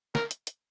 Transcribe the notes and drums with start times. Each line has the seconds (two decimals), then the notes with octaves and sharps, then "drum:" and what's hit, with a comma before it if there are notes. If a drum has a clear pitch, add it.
0.15 A#4, drum: snare
0.31 drum: hi-hat
0.47 drum: hi-hat